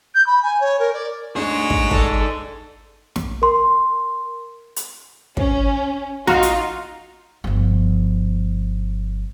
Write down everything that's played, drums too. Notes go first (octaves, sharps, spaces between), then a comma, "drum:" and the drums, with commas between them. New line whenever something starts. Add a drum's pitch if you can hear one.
G6
B5
G#5
C#5
A#4
D5
D2 D4 D#4 F#4 G#4 C#5
drum: kick
A4 D5, drum: kick
drum: snare
A#4 C6
drum: hi-hat
C#4, drum: kick
D#4 F4 F#4 A#5 C6 F6, drum: snare
drum: hi-hat
G1 F3